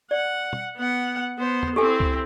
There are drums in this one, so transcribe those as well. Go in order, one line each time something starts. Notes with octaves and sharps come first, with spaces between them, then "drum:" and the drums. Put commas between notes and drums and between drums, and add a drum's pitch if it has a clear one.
D5 F#5
drum: tom
B3 F#5
B3 C5
drum: tom
C4 E4 G4 A4 G#5
drum: kick C#2